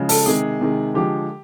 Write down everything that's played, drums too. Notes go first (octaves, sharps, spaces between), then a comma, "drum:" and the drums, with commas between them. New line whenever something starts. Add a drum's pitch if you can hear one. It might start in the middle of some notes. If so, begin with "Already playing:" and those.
Already playing: C#3 F3 G#3
A4, drum: open hi-hat
C3 D#3 G#3 G#4
C3 D#3 G#3
D3 F3 G#3 G4